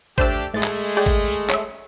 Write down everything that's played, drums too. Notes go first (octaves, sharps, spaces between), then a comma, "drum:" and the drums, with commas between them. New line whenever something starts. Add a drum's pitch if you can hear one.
A3 D4 G4 C5 E6, drum: kick
A2 G#3 A3 A6
drum: clap
G#4 D5 G5
drum: kick
C#5 E5, drum: clap